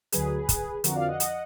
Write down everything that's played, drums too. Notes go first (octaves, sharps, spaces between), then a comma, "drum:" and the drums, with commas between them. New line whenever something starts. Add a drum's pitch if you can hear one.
D2 D3 F#3 G#4 B4, drum: hi-hat
drum: kick, hi-hat
F2 D3 F3 F#4 A#4, drum: hi-hat
D5 F5
D#5 F#5
D#5 F#5, drum: hi-hat